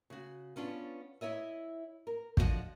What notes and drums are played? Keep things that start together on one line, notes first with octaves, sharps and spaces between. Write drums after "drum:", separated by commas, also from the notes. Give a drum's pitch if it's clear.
C#3 F#4
B3 C#4 D4 F4
E4 C#5 D#5 E5
A#4
D3 F3 F#4 G4 D#5 F#5, drum: kick